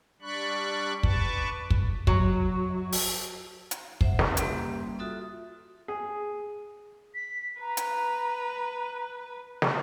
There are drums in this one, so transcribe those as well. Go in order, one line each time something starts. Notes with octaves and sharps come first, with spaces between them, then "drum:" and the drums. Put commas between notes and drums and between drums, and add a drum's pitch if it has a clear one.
G3 D4 D5 B5 C#6 F#6
B4 A5 C#6 D6, drum: kick
drum: kick
F#3, drum: kick
drum: open hi-hat
drum: hi-hat
C5 E5 F#5, drum: kick
C#4 E4 B4, drum: snare
G3 A#3 G4 E5 C6, drum: hi-hat
F4 F#4 A4 E5 D#6
G#4
B6
B4 A#5
drum: hi-hat
drum: snare